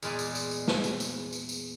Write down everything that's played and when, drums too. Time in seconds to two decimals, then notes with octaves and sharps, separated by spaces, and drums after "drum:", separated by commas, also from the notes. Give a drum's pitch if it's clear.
0.03 E2 A#2 G#3 D5 G#5, drum: tambourine
0.19 drum: tambourine
0.35 drum: tambourine
0.51 drum: tambourine
0.68 drum: snare
0.84 drum: tambourine
1.00 drum: tambourine
1.33 drum: tambourine
1.49 drum: tambourine